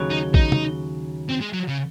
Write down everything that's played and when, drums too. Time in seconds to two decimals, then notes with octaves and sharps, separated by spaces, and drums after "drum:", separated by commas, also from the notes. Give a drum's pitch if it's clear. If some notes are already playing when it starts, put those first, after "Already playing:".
Already playing: D#2 C#3 F#3
0.10 D#4
0.34 D#4, drum: kick A#1
0.52 drum: tom
1.29 C4
1.41 G#3
1.53 F#3
1.69 C#3